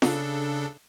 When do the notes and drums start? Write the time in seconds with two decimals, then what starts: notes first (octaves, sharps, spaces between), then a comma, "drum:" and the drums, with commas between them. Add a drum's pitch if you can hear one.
0.02 C#3 D4 A4, drum: snare F4